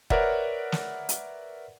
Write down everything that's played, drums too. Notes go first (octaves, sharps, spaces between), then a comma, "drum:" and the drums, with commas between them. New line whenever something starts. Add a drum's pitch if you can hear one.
A#4 B4 C#5 D5 E5 F#5, drum: kick
drum: snare
drum: hi-hat